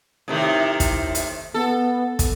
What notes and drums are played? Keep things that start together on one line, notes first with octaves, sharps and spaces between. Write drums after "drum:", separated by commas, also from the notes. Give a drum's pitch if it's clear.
A2 C3 D#3
drum: kick, hi-hat
drum: hi-hat
B3 A4
drum: kick, hi-hat